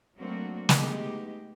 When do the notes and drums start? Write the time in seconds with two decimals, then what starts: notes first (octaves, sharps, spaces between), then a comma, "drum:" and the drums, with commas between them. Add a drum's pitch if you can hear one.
0.17 F#3 A3 A#3 C4 D4 F#4
0.69 G#3 A3 B3 D#4 G4 G#4, drum: snare